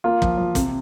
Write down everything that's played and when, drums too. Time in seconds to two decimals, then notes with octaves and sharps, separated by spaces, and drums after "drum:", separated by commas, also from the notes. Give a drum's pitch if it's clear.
0.04 A#3 F4
0.22 F3, drum: kick
0.37 F3
0.55 C3, drum: kick, hi-hat